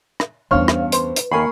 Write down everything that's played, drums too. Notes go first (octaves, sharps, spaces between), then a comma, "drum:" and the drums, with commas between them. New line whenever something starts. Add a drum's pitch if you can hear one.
drum: rim click
E2 G2 C#4 C5 C#5 F5 C#6 F6
drum: rim click
B4 C5, drum: hi-hat
drum: hi-hat
D#2 A#3 A#4 G#5 B5 C#6 C7